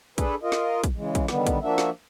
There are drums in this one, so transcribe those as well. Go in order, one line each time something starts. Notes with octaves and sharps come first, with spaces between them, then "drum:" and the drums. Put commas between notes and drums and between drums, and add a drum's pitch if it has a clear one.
D4 G#4 A4 B4, drum: kick, hi-hat
F4 A#4 D#5
drum: snare
drum: kick, hi-hat
C#3 E3 G#3
drum: kick, hi-hat
D3 D#3 G3 B3, drum: snare
drum: kick, hi-hat
F3 A#3 D4 F#4 E5
drum: snare